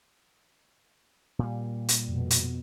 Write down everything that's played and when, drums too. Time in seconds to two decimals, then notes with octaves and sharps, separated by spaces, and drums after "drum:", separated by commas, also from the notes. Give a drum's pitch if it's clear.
1.39 A#2 G3
1.89 drum: hi-hat
2.08 F2 B2
2.30 drum: hi-hat